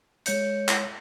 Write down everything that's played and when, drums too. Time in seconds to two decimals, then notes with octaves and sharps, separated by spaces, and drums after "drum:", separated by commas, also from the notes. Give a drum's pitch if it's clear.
0.26 G#3 C#5 G6 C#7, drum: hi-hat
0.69 drum: clap